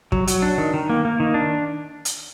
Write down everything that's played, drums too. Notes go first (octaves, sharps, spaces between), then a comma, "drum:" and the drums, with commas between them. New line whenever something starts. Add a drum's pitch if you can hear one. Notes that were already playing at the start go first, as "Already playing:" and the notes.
F#3, drum: kick
F#3, drum: hi-hat
D4
D#3
D#3
A#3
A#3
D#3
D4
drum: hi-hat